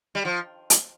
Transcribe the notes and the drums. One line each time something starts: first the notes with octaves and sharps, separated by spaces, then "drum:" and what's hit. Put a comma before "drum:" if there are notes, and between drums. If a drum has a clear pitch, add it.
G3
F3
drum: hi-hat